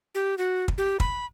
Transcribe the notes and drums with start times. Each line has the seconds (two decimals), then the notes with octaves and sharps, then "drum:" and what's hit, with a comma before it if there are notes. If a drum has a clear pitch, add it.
0.15 G4
0.38 F#4
0.68 drum: kick
0.78 G4
1.00 B5, drum: kick